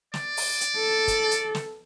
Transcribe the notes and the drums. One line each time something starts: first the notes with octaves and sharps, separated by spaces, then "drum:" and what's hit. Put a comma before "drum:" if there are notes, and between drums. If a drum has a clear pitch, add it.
D5, drum: snare
drum: open hi-hat
drum: hi-hat
A4
drum: kick, hi-hat
drum: hi-hat
drum: snare